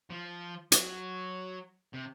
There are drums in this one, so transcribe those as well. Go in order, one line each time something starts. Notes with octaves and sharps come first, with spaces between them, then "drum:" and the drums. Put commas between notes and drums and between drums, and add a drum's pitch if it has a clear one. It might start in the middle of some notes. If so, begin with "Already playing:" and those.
F3
F#3, drum: hi-hat
C3